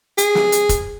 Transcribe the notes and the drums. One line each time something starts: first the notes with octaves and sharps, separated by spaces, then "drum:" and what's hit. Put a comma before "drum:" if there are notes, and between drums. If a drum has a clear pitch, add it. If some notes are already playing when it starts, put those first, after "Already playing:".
G#4, drum: hi-hat
drum: snare
drum: hi-hat
drum: kick, hi-hat